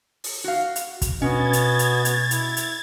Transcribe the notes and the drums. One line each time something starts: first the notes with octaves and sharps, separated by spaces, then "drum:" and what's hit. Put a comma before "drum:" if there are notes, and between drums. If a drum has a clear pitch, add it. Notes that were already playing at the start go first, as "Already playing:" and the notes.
drum: open hi-hat
F#4 F5
drum: hi-hat
drum: kick, hi-hat
B2 B3 C#4 F#4 D#5 G#6 A6
drum: hi-hat
drum: hi-hat
drum: hi-hat
E4, drum: hi-hat
drum: hi-hat